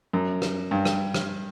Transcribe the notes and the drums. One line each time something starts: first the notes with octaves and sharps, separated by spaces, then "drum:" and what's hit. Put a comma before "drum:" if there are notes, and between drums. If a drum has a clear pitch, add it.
F#2
drum: rim click
G2
drum: rim click
drum: rim click